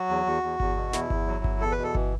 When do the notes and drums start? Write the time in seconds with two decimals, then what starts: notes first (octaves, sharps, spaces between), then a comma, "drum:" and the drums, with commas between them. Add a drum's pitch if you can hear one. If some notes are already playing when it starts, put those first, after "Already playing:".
Already playing: F#3 F#4
0.09 E2
0.26 E2
0.43 E2
0.60 E2, drum: kick G1
0.77 B2
0.93 E2 E4, drum: snare
1.10 E2, drum: kick G1
1.27 F#3
1.44 E2, drum: kick G1
1.61 E2 A4
1.72 B4
1.78 B2
1.84 A4
1.95 E3, drum: kick G1